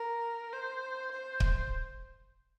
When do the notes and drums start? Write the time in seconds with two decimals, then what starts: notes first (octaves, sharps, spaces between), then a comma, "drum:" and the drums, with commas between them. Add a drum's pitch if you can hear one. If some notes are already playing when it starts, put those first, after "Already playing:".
Already playing: A#4
0.52 C5
1.11 C5
1.40 drum: kick C#1